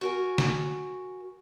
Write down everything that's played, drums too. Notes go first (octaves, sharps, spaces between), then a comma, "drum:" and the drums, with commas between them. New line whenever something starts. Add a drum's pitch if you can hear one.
F#4 A#4 G#5
drum: snare